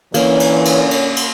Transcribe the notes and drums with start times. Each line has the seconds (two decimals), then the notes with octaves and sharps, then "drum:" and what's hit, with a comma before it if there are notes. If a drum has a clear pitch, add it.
0.14 A#2 D3 E3 A#3 C#4 C#5, drum: cymbal
0.40 drum: cymbal
0.65 drum: cymbal
0.91 drum: cymbal
1.16 drum: cymbal